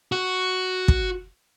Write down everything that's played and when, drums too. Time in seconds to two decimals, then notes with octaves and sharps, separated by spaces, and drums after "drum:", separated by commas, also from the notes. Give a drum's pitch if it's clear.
0.12 F#4
0.88 drum: kick